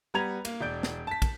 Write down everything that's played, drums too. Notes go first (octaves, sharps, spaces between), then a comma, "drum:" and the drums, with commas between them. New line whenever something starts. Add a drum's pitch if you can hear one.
G3 B3 B4 A#5 G#6 F7
A#3, drum: cymbal
E1 D5 G6 D7
drum: snare
A5 B6
drum: kick, cymbal